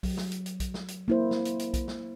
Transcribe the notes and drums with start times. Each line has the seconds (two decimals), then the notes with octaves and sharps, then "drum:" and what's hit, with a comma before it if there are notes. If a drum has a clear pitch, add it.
0.03 F#3, drum: kick B1, open hi-hat
0.17 drum: snare
0.32 drum: hi-hat
0.46 drum: hi-hat
0.60 drum: kick B1, hi-hat
0.74 drum: snare
0.88 drum: hi-hat
1.08 A#3 E4 C5
1.31 drum: snare
1.45 drum: hi-hat
1.59 drum: hi-hat
1.74 drum: kick B1, hi-hat
1.88 drum: snare